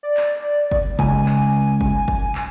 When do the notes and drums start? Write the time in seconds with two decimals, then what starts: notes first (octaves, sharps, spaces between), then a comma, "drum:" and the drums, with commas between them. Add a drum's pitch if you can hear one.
0.03 D5
0.17 drum: clap
0.72 drum: kick F#1
0.99 C#2 G#5, drum: kick F#1
1.26 drum: clap
1.81 drum: kick F#1
2.08 drum: kick F#1
2.35 drum: clap